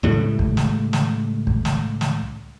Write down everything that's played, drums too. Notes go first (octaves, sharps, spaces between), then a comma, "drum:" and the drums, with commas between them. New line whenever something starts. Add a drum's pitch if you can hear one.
C#2 A2 G3 A3
drum: kick
drum: snare
drum: snare
drum: kick
drum: snare
drum: snare